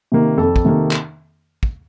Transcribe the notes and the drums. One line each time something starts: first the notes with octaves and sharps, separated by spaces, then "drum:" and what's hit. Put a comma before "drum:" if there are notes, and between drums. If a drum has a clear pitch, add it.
C3 D#3 A#3
F2 A4
drum: kick
C3 D#3 A#3
drum: clap
drum: kick